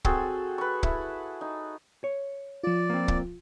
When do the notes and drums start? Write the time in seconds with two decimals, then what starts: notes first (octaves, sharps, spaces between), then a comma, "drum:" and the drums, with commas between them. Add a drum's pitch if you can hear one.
0.05 C4 F#4 G#4 A4, drum: kick
0.58 B4 C#6
0.83 E4, drum: kick
1.41 D#4
2.04 C#5
2.63 F3 F4 D5
2.90 A#3 C4
3.08 drum: kick